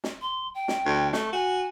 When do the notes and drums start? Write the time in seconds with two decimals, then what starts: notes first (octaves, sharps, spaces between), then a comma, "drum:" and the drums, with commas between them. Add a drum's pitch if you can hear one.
0.04 drum: snare
0.21 C6
0.55 G5
0.68 drum: snare
0.85 D2
1.13 A3 C#6, drum: snare
1.33 F#4 G#5